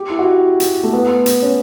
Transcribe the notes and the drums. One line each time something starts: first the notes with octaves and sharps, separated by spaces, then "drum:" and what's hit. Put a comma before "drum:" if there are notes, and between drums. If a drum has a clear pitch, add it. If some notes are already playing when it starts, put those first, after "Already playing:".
Already playing: G4
E4
F#4
drum: hi-hat
A3
B3
drum: hi-hat
C#4